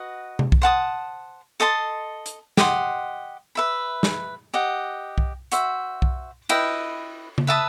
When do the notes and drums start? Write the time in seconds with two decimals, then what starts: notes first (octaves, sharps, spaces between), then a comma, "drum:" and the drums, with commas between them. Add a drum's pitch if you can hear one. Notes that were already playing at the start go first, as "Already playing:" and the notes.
Already playing: F#4 B4 D#5 F#5
0.39 drum: tom C3
0.52 drum: kick B1
0.62 C5 F#5 A5 D#6
1.60 A4 D#5 A5 C6
2.26 drum: hi-hat
2.57 G4 D#5 F#5 C6, drum: snare
3.55 B4 E5 B5
4.03 drum: snare
4.54 G4 D#5 F#5
5.18 drum: kick B1
5.52 F#4 C5 E5, drum: hi-hat
6.02 drum: kick B1
6.49 E4 B4 D#5 G5, drum: cymbal
7.38 drum: tom C#3
7.47 B4 E5 A5 D#6